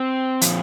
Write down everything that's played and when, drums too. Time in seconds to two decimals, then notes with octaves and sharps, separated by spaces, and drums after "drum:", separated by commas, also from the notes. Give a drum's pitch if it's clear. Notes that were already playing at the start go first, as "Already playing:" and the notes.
Already playing: C4
0.41 A#2 F3, drum: hi-hat